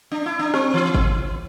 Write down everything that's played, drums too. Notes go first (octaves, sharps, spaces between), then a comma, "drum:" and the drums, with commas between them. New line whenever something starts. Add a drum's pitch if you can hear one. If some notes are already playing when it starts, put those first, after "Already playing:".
D4
E4
D4
C4, drum: rim click
E3
drum: kick G1